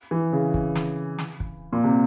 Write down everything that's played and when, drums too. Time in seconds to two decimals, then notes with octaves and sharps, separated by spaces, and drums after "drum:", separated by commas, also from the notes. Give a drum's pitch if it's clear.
0.11 E3
0.32 C#3
0.54 drum: kick
0.76 drum: snare
1.19 drum: snare
1.40 drum: kick
1.73 A#2
1.84 C3